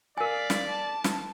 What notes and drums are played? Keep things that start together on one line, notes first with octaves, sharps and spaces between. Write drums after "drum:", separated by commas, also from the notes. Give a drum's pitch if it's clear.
A#4 D5 F5 G#5 B6
drum: snare
A5
drum: snare